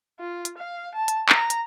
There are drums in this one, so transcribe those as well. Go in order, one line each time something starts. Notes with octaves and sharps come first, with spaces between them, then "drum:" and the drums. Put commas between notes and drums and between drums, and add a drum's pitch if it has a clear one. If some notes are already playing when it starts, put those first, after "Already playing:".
F4
drum: hi-hat
F5
A5
drum: hi-hat
A#5, drum: clap
drum: hi-hat